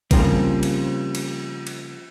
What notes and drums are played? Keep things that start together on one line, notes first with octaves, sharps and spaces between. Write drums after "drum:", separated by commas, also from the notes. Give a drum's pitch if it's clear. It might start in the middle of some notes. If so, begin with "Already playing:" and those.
C#3 F3 G3 A#3 C4, drum: kick A#1, cymbal
drum: cymbal
drum: cymbal
drum: cymbal